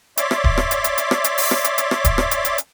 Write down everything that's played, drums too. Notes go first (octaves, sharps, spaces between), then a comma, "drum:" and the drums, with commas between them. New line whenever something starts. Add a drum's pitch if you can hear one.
C#5 D5 E5 C6 D6, drum: hi-hat
drum: rim click
drum: kick D1
drum: rim click
drum: hi-hat
drum: hi-hat
drum: hi-hat
drum: rim click
drum: hi-hat
drum: open hi-hat
drum: rim click
drum: hi-hat
drum: hi-hat
drum: rim click
drum: kick D1, hi-hat
drum: rim click
drum: hi-hat
drum: hi-hat
drum: hi-hat